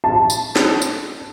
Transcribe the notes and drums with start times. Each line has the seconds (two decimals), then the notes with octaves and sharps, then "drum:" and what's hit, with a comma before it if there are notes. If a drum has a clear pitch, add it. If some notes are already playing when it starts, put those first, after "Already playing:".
0.04 A5
0.30 drum: tambourine
0.56 drum: snare
0.82 drum: tambourine